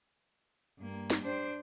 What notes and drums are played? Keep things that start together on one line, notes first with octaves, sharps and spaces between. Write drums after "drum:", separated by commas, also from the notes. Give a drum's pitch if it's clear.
G2 A#3
drum: snare
D4 C5